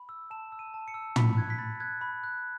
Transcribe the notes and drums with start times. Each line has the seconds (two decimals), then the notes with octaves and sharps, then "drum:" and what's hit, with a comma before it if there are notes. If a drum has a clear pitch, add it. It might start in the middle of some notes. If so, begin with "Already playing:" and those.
Already playing: B5
0.09 E6
0.31 A5 E7
0.52 E6
0.59 D#7
0.74 A5
0.88 C#7
0.94 E6
1.16 B5 B6, drum: tom
1.37 F#6 G#6
1.50 B6
1.58 B5 A6
1.80 F#6 G#6
2.01 B5
2.24 F#6